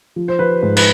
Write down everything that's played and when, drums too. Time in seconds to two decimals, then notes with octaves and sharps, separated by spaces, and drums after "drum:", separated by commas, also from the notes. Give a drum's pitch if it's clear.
0.16 F3
0.28 C5
0.39 F3 B4
0.63 G#2
0.77 B4, drum: cymbal